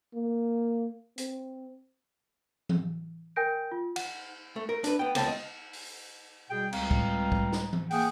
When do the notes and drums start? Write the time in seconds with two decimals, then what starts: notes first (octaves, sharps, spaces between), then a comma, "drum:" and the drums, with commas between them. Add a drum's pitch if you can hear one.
0.14 A#3
1.18 C4, drum: hi-hat
2.69 drum: tom E3
3.36 A#4 G5 G#5 G6 A#6 D7
3.72 F4
3.96 F#5, drum: cymbal
4.56 A3
4.69 A#4
4.84 D4 B4, drum: hi-hat
4.99 B3 G5
5.15 C#2 C3 B3 G5 A5, drum: cymbal
5.27 D#5
5.73 drum: open hi-hat
6.50 B2 G3 G#4 G5
6.73 C#2 G3 C4 F5 A#5, drum: cymbal
6.91 drum: kick
7.32 drum: kick
7.52 drum: snare
7.73 drum: tom E3
7.91 A#3 G#4 F#5 G5, drum: open hi-hat